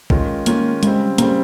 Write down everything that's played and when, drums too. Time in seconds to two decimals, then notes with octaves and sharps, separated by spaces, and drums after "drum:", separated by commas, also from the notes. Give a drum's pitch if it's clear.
0.10 D#3 G#3 C#4 F4, drum: kick
0.46 D#3 G#3 A#3 C#4 F4, drum: hi-hat
0.83 C#3 G3 G#3 C4, drum: hi-hat
1.18 C#3 G3 A#3 C4, drum: hi-hat